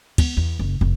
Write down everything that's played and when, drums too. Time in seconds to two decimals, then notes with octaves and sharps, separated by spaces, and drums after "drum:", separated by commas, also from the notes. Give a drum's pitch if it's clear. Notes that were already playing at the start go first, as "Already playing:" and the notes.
0.18 B3, drum: kick, cymbal
0.37 E2
0.59 F#1
0.81 F1